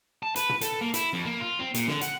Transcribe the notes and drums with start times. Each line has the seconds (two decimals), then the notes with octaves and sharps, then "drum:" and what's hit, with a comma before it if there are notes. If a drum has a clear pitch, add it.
0.23 A5
0.36 B4, drum: hi-hat
0.49 drum: tom
0.61 A4, drum: hi-hat
0.81 A#3
0.94 E4, drum: hi-hat
1.13 F2
1.25 A#3
1.41 F4
1.60 C4
1.74 A#2, drum: hi-hat
1.88 D3, drum: snare
2.01 F#5, drum: hi-hat